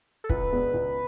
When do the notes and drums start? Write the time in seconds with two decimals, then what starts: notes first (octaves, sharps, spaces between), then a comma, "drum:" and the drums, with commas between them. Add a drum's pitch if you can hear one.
0.24 A4
0.29 C#2 B4, drum: kick
0.52 B2 G#3 B3 D4
0.74 C#2